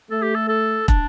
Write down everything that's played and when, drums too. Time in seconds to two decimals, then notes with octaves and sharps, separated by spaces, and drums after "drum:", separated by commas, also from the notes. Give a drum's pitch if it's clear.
0.10 A3 A4
0.22 G4
0.35 A4
0.49 A4
0.88 D4, drum: kick